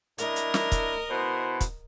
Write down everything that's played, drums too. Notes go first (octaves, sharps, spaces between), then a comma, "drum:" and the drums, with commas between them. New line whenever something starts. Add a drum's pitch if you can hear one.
D4 E4 A#4 D#5, drum: hi-hat
drum: hi-hat
drum: snare
drum: kick, hi-hat
B2 E4 C5
drum: kick, hi-hat